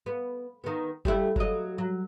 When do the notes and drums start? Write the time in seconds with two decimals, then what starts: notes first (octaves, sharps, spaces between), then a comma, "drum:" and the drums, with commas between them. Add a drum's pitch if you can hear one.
0.06 B3
0.64 D#3 B3
1.05 G3 A3 E4, drum: kick F#1
1.36 F#3 D#5, drum: kick F#1
1.78 F#3